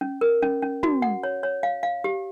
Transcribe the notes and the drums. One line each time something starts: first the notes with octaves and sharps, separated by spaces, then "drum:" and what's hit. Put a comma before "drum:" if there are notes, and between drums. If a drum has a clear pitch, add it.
C#4
A#4
C#4
C#4
F#4, drum: tom
F#5
C#5
C#5
F5
F5
G4